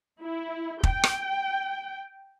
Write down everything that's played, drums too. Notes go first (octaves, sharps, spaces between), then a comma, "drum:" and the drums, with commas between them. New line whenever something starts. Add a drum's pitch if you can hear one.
E4
G5, drum: kick
drum: rim click